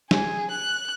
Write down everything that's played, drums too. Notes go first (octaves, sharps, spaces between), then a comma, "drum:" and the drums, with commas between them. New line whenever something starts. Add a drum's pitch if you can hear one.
G#4, drum: snare
F#6